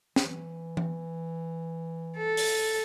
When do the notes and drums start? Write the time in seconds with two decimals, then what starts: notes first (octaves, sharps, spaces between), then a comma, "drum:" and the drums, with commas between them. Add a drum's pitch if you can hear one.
0.16 E3, drum: snare
0.77 drum: tom E3
2.17 A4
2.37 drum: open hi-hat